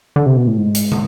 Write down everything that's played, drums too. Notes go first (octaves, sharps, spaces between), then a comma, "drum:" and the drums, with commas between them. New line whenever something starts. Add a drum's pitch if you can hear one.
D3
C3
B2
A2
G#2
drum: hi-hat
drum: tom